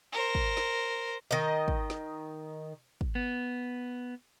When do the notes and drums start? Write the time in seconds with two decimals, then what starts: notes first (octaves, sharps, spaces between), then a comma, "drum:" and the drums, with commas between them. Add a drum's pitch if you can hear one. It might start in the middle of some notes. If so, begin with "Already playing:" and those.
0.13 A#4 C5
0.35 drum: kick
0.57 drum: snare
1.31 D#3 D#5
1.68 drum: kick
1.90 drum: snare
3.01 drum: kick
3.15 B3